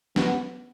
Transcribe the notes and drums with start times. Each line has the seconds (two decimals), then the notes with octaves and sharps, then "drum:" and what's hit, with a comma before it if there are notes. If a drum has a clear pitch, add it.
0.16 B3, drum: snare